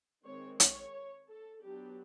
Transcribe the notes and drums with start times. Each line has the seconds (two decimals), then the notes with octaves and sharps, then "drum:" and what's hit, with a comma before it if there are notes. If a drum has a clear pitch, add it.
0.25 D#3 G#3 C4 C#5
0.60 C#5, drum: hi-hat
1.28 A4
1.63 F#3 B3 D4 G4